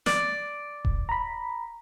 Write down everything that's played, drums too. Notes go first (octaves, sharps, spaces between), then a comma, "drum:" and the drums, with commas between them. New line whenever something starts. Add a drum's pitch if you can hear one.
D5, drum: snare
drum: kick D#1
A#5 B5